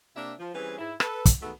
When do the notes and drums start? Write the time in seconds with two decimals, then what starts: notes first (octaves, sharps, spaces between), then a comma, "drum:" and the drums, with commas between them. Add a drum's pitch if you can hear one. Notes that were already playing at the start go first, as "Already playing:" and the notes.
0.16 C3 A#3 D4 E5
0.39 F3
0.54 E3 G3 C4 C#4 G#4 B4
0.79 G#2 E4
1.00 A4 B4, drum: rim click
1.26 drum: kick, hi-hat
1.41 G#2 D#3 A3 B3 F#4